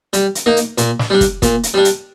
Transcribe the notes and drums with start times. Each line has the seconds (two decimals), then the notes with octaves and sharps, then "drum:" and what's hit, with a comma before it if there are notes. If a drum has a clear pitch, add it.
0.13 G3, drum: hi-hat
0.35 drum: hi-hat
0.46 A#3 D#4
0.57 drum: hi-hat
0.78 A#2, drum: hi-hat
0.99 drum: snare
1.10 G3 D4
1.21 drum: kick, hi-hat
1.42 A#2, drum: kick, hi-hat
1.63 drum: hi-hat
1.74 G3 D4
1.85 drum: hi-hat